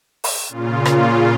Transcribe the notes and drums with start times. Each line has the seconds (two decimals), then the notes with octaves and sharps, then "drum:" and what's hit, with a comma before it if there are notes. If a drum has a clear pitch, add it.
0.24 drum: open hi-hat
0.49 A#2 C#3 F4
0.85 drum: rim click